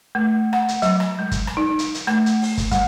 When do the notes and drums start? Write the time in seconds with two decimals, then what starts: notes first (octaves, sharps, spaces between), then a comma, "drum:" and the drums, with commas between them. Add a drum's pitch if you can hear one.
0.15 A3
0.53 F#5, drum: rim click
0.68 drum: hi-hat
0.82 F#3, drum: hi-hat
1.00 drum: rim click
1.19 G#3
1.31 drum: kick, hi-hat
1.47 drum: rim click
1.57 D#4
1.79 drum: hi-hat
1.95 drum: hi-hat
2.07 A3, drum: rim click
2.26 drum: hi-hat
2.42 drum: open hi-hat
2.58 drum: kick, hi-hat
2.72 G3, drum: kick, hi-hat